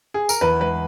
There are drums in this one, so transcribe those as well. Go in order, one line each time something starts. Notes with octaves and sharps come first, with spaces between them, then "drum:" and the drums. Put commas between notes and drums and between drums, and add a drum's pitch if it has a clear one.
G#4
A#4, drum: tambourine
E2 B4
G#3 B4